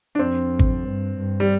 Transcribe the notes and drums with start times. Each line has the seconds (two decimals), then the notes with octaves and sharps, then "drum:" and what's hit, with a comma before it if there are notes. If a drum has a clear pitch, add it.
0.15 D4
0.19 F2 C4
0.59 drum: kick G#1
0.85 G2
1.17 G2
1.40 G3